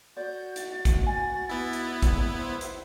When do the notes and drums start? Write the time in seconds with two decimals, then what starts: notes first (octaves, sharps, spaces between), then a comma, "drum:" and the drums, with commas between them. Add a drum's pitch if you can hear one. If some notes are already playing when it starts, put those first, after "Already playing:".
0.17 F#4 D5 G6
0.56 A6, drum: hi-hat
0.85 drum: kick, hi-hat
1.06 G#5
1.50 B3 E4
1.73 drum: hi-hat
2.02 drum: kick, hi-hat
2.38 C5
2.61 drum: hi-hat